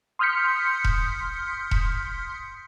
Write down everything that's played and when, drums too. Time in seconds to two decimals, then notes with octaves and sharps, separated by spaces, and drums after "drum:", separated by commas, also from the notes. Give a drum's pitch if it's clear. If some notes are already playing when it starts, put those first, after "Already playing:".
0.19 C6 D#6 F6 G6 B6 C#7
0.84 drum: kick E1
1.71 drum: kick E1